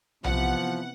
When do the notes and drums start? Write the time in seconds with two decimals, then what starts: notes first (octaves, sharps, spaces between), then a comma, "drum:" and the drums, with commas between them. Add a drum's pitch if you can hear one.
0.24 C3 E3 F3 B3 F#5, drum: tom B1